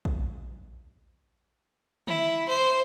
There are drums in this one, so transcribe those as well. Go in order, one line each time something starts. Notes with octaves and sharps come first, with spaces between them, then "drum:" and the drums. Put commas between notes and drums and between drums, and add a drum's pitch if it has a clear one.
drum: kick A#1
E4, drum: tom
C5